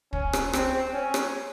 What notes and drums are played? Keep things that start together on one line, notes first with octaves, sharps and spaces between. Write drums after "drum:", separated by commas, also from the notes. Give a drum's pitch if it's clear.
C#4, drum: kick
drum: rim click
C4, drum: rim click
C#4
drum: rim click